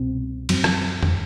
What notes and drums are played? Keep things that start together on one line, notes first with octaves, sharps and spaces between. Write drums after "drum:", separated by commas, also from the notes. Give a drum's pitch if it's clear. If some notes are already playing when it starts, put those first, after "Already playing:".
Already playing: C2 B2 C4
F#2 F#3 C4, drum: cymbal
drum: rim click
drum: tom